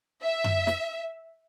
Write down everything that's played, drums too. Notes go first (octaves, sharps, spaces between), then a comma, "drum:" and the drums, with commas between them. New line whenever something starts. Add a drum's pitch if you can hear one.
E5
drum: tom F#2
drum: snare